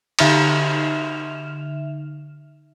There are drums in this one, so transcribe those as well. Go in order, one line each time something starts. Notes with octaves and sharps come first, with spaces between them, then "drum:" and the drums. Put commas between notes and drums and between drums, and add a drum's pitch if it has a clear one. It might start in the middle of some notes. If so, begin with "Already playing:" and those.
D3 D#4 E5 F6 E7 F7, drum: cymbal